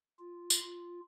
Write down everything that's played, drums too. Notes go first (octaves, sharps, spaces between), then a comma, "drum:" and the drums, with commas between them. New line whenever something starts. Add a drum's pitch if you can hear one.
F4
drum: tambourine
F4